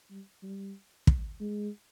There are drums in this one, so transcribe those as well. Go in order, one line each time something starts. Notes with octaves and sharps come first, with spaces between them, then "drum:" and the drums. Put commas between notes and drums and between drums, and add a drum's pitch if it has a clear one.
G3
G3
drum: kick
G#3